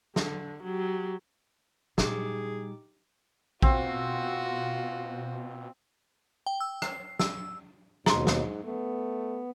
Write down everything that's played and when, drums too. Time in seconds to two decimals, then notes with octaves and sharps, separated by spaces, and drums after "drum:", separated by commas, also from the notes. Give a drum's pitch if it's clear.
0.16 D3, drum: snare
0.63 F#3 G4
1.98 A#2 G3 D#4 G4 G#4 D6, drum: snare
3.62 B2 C4 F4 F#4, drum: kick A#1
6.46 G5
6.60 E6
6.82 C7, drum: rim click
7.19 E6, drum: snare
8.06 D#2 G#2 B2 A#5 C6, drum: snare
8.27 drum: snare
8.64 A3 B3